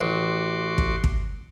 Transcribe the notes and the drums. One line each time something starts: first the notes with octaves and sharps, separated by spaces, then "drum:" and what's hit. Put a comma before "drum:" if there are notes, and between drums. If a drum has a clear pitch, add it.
A1 F#4 C6 D6
drum: kick
drum: kick